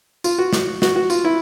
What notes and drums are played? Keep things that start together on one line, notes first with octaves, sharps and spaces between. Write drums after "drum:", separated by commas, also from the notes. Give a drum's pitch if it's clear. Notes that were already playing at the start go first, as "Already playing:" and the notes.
F4, drum: tambourine
F#4
drum: snare
F#4, drum: snare
F#4
F4, drum: tambourine
E4